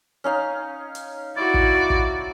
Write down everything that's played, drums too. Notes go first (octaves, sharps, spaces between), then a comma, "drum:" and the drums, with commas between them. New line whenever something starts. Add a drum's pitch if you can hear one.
C#4 D#4 F5
drum: hi-hat
E4 F#4 D5
drum: kick
drum: kick